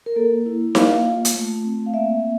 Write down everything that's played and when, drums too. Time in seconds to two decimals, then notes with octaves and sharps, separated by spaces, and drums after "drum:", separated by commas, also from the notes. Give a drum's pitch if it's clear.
0.06 A#4
0.16 A#3 A4
0.46 E4
0.75 A#3 F5, drum: snare D#4
1.05 F4
1.25 drum: hi-hat
1.35 A3
1.64 C4
1.86 F5
1.94 A#3 E5